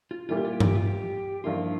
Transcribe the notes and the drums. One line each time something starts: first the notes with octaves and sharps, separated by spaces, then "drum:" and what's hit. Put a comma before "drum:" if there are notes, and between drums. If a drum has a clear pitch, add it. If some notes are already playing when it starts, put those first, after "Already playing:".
F4
A#2 G3 A#3 E4 F4
G4
F4
G4
F4, drum: tom G2
G4
F4
G4
G2 F3 A#3 E4 F4